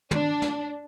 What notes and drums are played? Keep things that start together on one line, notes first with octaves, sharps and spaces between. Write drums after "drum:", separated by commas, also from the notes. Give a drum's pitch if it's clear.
D4, drum: tom
drum: snare